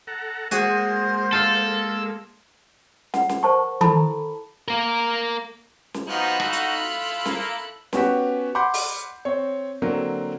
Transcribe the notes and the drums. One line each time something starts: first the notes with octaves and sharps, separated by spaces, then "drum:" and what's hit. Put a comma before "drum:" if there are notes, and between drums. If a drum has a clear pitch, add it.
A4 F#5 A#5
G#3 A#3 F#4 G#4 C5, drum: hi-hat
F4 A4 F5
F#5, drum: snare
drum: snare
A#4 C5 A5 C#6
E4 A4 A5 B5, drum: tom D#3
A#3 A#4
drum: snare
F3 B3 D#4 F#4 B5 F#6
E4 F4 A4, drum: rim click
drum: hi-hat
A#3, drum: snare
B3 C#4 F#4 G4, drum: snare
F#5 B5 C6 D6 G6
drum: open hi-hat
C4 C#5
D3 F#3 A#3 C4